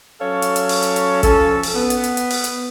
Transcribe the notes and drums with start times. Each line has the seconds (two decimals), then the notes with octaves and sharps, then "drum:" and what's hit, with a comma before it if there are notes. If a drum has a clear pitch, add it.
0.20 F#3 C#4 A4 C#5 F5
0.42 drum: hi-hat
0.56 drum: hi-hat
0.69 drum: open hi-hat
0.83 drum: hi-hat
0.96 drum: hi-hat
1.23 F3 C#4 A4, drum: kick, hi-hat
1.63 drum: open hi-hat
1.75 B3
1.90 drum: hi-hat
2.04 drum: hi-hat
2.17 drum: hi-hat
2.30 drum: open hi-hat
2.44 drum: hi-hat